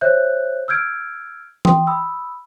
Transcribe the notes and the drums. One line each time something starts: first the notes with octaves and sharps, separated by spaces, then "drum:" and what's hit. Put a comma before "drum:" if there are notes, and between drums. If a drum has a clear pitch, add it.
C5 C#5 E5 F#6 G6
E6 F6 G6 G#6 D7
G5 C6 D#6, drum: tom E3
B5 D#6 E6